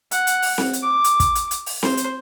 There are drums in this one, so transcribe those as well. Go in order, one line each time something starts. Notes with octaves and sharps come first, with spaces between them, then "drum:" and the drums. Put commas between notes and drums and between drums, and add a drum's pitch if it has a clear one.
F#5, drum: hi-hat
drum: hi-hat
drum: open hi-hat
drum: snare C4
drum: hi-hat
D6
drum: hi-hat
drum: kick, hi-hat
drum: hi-hat
drum: hi-hat
drum: open hi-hat
C5, drum: snare C4
drum: hi-hat